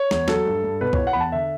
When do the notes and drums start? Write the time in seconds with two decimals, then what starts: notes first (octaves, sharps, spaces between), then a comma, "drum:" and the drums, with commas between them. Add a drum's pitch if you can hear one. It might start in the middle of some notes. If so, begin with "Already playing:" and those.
Already playing: C#5
0.11 E2, drum: snare
0.28 F#3 A4, drum: snare
0.46 G2
0.64 G2
0.81 B2 B4
0.93 E4 C#5, drum: kick C2
1.07 F#5
1.13 E2 B5
1.20 A5
1.32 D3 E5